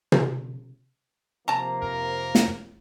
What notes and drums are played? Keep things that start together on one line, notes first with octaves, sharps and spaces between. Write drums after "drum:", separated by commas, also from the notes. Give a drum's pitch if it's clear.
drum: tom
C3 F3 A#3 A5 A#5
F2 A#4
drum: snare